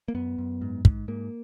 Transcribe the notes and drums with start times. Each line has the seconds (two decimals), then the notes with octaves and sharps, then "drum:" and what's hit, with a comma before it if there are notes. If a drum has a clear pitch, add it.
0.08 A#3
0.15 F#2 B3
0.38 F#2
0.61 G#2
0.85 G#2, drum: kick
1.08 G#2 A#3